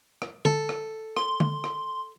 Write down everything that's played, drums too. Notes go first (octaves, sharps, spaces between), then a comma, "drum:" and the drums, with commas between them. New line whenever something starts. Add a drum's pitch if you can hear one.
drum: rim click
A4, drum: tom D3
drum: rim click
C6, drum: rim click
drum: tom D3
drum: rim click